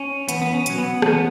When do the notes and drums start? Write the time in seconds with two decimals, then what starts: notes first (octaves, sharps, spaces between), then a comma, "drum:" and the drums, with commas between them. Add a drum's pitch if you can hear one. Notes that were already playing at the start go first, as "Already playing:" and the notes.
Already playing: C#4
0.29 E2 B3, drum: hi-hat
0.42 B3
0.54 C#4
0.66 B2 F#3, drum: hi-hat
0.78 B3
1.02 E2 C#4, drum: rim click
1.13 B3